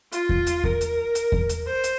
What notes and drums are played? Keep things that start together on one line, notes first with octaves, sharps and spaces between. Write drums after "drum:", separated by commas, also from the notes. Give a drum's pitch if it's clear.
F4, drum: hi-hat
drum: kick E2
drum: hi-hat
A#4, drum: kick E2
drum: hi-hat
drum: hi-hat
drum: kick E2
drum: hi-hat
C5
drum: hi-hat